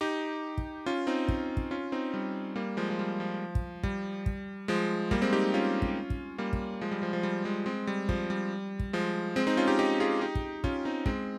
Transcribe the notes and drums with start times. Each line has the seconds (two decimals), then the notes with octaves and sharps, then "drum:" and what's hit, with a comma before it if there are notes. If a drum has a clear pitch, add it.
0.01 D#4 G4
0.58 drum: kick
0.86 C#4 F4
1.07 C4 D#4
1.28 drum: kick
1.57 drum: kick
1.71 C#4 F4
1.92 C4 D#4
2.14 G3
2.56 G3 A#3
2.77 F3 G#3
2.90 F3
2.99 G3
3.20 F3
3.55 drum: kick
3.83 G3, drum: kick
4.26 drum: kick
4.68 F3 G#3
5.11 G3 A#3, drum: kick
5.22 G#3 C4
5.33 D#4 G4
5.54 C#4 F4
5.82 drum: kick
6.10 drum: kick
6.38 G3 A#3
6.53 drum: kick
6.81 F3 G#3
6.92 G3
7.02 F3 G#3
7.13 F3
7.23 G3
7.45 F3 G#3
7.66 G#3 C4
7.87 G3
8.09 F3, drum: kick
8.30 G3
8.79 drum: kick
8.93 F3 G#3
9.36 G#3 C4
9.47 C4 D#4
9.57 C#4 F4
9.68 D#4 G4
9.79 D#4 G4
10.00 F4 G#4
10.21 D#4 G4
10.35 drum: kick
10.64 C#4 F4, drum: kick
10.85 C4 D#4
11.06 G#3 C4, drum: kick